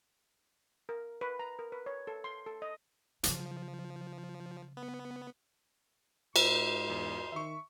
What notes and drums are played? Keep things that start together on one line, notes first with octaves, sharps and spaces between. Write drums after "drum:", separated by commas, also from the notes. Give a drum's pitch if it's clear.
A#4
B4
A#5
A#4
B4
C#5
A4
C6
A4
D#5
C#3 F3 F#3, drum: hi-hat
B3
G#2 C5 C6, drum: cymbal
E2
D#3 E5 C#6